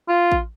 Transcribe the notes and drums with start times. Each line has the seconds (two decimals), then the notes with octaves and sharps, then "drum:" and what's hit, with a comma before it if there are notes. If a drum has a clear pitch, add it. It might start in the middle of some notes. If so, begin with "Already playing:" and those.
0.08 F4
0.31 drum: kick A1